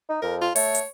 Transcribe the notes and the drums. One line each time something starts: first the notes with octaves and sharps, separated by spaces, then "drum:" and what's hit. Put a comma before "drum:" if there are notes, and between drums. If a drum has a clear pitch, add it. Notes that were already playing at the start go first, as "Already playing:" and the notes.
D#4
F2 A#4
F4
A3 C#5, drum: open hi-hat
drum: hi-hat